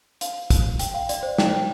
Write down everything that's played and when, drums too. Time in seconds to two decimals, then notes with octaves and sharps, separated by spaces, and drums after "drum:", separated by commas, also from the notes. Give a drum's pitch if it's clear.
0.21 F5, drum: hi-hat
0.50 drum: kick, hi-hat
0.79 G5, drum: hi-hat
0.94 F5
1.09 D5, drum: hi-hat
1.23 C5
1.38 G5, drum: snare